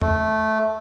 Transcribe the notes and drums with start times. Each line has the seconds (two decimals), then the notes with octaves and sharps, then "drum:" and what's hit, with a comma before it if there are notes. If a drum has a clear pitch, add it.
0.01 A3, drum: tom E2